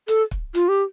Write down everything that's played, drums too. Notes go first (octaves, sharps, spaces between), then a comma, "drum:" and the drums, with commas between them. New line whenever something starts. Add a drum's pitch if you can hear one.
A4, drum: hi-hat
drum: kick
F4, drum: hi-hat
G4